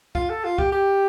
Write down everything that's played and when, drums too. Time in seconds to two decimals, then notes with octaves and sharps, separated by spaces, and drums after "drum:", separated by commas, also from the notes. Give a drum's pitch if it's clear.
0.15 F4, drum: kick C2
0.30 A4
0.44 F4
0.58 G4, drum: kick C2
0.72 G4